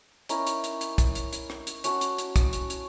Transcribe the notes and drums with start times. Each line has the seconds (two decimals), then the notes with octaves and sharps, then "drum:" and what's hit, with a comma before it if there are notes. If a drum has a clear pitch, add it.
0.29 C#4 D#4 E4 A#4, drum: hi-hat
0.47 drum: hi-hat
0.64 drum: hi-hat
0.81 drum: hi-hat
0.98 drum: kick, hi-hat
1.15 drum: hi-hat
1.33 drum: hi-hat
1.50 drum: rim click
1.67 drum: hi-hat
1.84 C#4 F#4 F#5 A5, drum: hi-hat
2.01 drum: hi-hat
2.18 drum: hi-hat
2.36 drum: kick, hi-hat
2.53 drum: hi-hat
2.70 drum: hi-hat